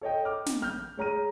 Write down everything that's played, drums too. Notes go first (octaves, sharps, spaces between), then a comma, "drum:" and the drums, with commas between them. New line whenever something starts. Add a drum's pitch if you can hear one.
A4 C#5 D#5 G5
D6 F6
drum: snare
F6 G6
G#3 C#5 A#5 F6 D#7